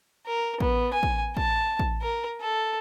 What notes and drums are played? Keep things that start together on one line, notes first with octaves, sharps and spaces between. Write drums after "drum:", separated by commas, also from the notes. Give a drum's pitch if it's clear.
A#4
B3, drum: kick
G#5
drum: kick
A5, drum: kick
drum: kick
A#4
A4